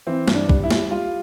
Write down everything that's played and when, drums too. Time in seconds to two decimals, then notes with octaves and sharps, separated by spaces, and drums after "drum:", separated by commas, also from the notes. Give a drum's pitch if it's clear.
0.07 E3 C4
0.28 G2, drum: snare
0.35 D4
0.49 G3, drum: kick
0.64 E4
0.71 G3, drum: snare
0.91 G3 F4